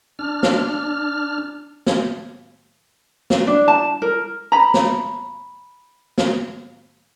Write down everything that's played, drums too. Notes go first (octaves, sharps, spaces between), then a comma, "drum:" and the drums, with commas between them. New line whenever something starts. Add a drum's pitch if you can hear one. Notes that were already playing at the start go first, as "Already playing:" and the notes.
D4 F6
drum: snare
drum: snare
drum: snare
D4
A5
A#4
A#5 B5
drum: snare
drum: snare